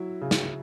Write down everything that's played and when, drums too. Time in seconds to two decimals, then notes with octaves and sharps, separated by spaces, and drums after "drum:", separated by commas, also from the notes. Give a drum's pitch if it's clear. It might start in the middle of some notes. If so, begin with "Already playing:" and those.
Already playing: F#3 E4
0.21 C#3
0.31 drum: snare